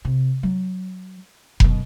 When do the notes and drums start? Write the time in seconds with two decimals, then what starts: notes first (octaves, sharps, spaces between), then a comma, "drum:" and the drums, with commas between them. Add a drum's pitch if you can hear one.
0.05 C3
0.43 F#3
1.60 F#2 B2, drum: kick F1